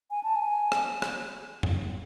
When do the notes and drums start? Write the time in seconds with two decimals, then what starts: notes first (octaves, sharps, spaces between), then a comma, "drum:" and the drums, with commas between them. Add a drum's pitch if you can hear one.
0.11 G#5
0.23 A5
0.35 G#5
0.72 drum: rim click
1.02 drum: rim click
1.63 drum: tom F2